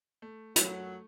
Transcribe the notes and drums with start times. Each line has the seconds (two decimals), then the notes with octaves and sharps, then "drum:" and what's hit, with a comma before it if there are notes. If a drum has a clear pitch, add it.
0.22 A3
0.56 F#2 F#3 A3, drum: hi-hat